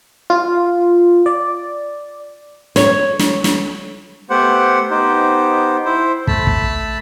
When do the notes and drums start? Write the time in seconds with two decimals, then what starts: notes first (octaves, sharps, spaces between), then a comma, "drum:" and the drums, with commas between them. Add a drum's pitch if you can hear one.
0.30 F4
1.26 D5
2.76 C#5, drum: snare
3.19 drum: snare
3.44 drum: snare
4.30 A3 B3 G4 C5 F#5
4.90 B3 D#4 G4 C5
5.85 E4 C5
6.27 A3 A5 B5, drum: kick
6.47 drum: kick